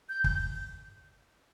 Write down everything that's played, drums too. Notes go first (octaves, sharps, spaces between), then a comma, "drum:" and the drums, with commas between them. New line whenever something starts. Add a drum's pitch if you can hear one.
G6
G6, drum: kick